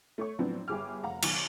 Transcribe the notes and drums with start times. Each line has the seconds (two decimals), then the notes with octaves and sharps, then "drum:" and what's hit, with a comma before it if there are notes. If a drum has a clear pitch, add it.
0.18 A3 C#5 C#6
0.38 A2 F3 F#3 B3 C4 D4
0.68 G1 G4 G#4 D6 F6
1.04 F1 F5 F#5 A#5
1.22 B1 D#3 G#5 C#6 D6, drum: cymbal